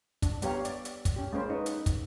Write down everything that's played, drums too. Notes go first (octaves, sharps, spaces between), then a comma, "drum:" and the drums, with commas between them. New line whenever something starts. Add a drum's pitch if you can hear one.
D4, drum: kick, hi-hat
G3 B3 G4 C#5 F5 A#5, drum: hi-hat
D5, drum: hi-hat
drum: hi-hat
drum: kick, hi-hat
C#4 G4
G#3 A#3 C#4 C5 B5
D#4 B4
drum: hi-hat
drum: kick, hi-hat